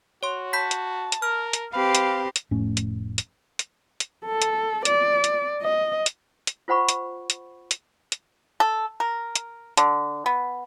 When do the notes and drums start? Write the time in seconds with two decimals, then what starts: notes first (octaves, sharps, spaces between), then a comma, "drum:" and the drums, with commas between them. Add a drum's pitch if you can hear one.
0.23 F#4 C#5 C6
0.53 A5 B5 G6 B6
0.71 drum: hi-hat
1.12 drum: hi-hat
1.22 A#4 F6
1.53 drum: hi-hat
1.73 C4 G4 B4 F5
1.95 drum: hi-hat
2.36 drum: hi-hat
2.51 F1 A2 C#4
2.77 drum: hi-hat
3.18 drum: hi-hat
3.59 drum: hi-hat
4.00 drum: hi-hat
4.26 A4
4.42 drum: hi-hat
4.85 D5, drum: hi-hat
5.24 drum: hi-hat
5.62 D#5
6.06 drum: hi-hat
6.47 drum: hi-hat
6.68 F4 C5 F#5 B5 C#6
6.89 drum: hi-hat
7.30 drum: hi-hat
7.71 drum: hi-hat
8.12 drum: hi-hat
8.60 A4
9.00 A#4
9.35 drum: hi-hat
9.77 D3, drum: hi-hat
10.26 B3